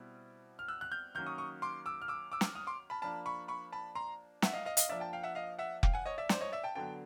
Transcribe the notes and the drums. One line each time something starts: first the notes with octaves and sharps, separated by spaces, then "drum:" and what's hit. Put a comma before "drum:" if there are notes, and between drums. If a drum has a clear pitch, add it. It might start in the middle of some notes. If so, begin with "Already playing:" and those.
Already playing: B2 G3 C4 E4
F6
E6 F#6
F#6
F6 G6
D#3 F#3 A#3 C#4 F6 G6
C#6 D#6
C#6 D#6
C6 D6
D6 E6
F6
D6 E6
D6 E6
drum: snare
D#6 F6
C6 D6
A5 B5
F3 A#3 D4 A5 B5
B5 C#6
B5 C#6
A5 B5
A#5 C6
E5 F#5, drum: snare
D#5 F5
D#5 F5
D#5 F5, drum: hi-hat
F3 A#3 D4 D5 E5
G5 A5
F5 G5
E5 F#5
D#5 F5
E5 F#5
F5 G5, drum: kick F1
F#5 G#5
C#5 D#5
D5 E5
C5 D5, drum: snare
C#5 D#5
D5 E5
G5 A5
D3 F#3 B3 G5 A5